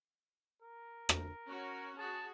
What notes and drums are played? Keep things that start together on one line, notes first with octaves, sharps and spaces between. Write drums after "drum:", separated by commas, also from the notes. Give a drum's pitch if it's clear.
A#4
drum: rim click
C#4 F#4 C#5
F#4 G#4 A5